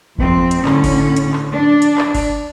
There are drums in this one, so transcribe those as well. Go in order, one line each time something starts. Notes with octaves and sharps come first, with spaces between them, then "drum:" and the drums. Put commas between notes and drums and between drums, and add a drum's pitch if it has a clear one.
F2 C4, drum: kick G1
drum: hi-hat
A2 D3 C#4, drum: clap
drum: kick G1, open hi-hat
drum: hi-hat
drum: clap
D4
drum: hi-hat
drum: clap
drum: kick G1, open hi-hat